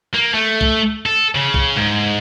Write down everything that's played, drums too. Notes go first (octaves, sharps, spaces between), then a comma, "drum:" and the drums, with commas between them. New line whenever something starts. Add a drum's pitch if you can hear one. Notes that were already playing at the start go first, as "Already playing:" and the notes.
A#3
A3
drum: kick B1
A4
C#3
drum: kick B1
G#2